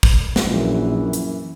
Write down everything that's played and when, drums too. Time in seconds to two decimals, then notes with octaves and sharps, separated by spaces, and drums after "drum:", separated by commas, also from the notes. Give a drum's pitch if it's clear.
0.03 drum: kick
0.36 drum: snare
0.48 A#1 F#2 E3
1.13 drum: hi-hat